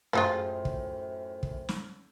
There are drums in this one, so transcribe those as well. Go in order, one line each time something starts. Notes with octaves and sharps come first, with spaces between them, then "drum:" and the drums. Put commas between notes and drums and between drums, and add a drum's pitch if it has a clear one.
F#2 A2 F3 G#3 F4 C5 G5
drum: kick
drum: kick
drum: snare